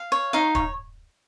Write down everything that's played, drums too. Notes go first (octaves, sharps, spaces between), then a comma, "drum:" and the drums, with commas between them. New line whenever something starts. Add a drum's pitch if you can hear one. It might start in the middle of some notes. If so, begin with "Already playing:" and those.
Already playing: F5
C#5
D#4 F5
C#5, drum: kick